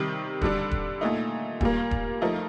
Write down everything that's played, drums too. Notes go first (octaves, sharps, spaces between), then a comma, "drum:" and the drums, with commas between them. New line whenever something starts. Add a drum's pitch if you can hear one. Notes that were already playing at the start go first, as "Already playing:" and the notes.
Already playing: C3 D#3 G3
D3 G3 D4, drum: kick D#1
drum: kick D#1
A#2 A3 D#4
A#2 G3 A#3, drum: kick D#1
drum: kick D#1
F3 A3 D#4 A#4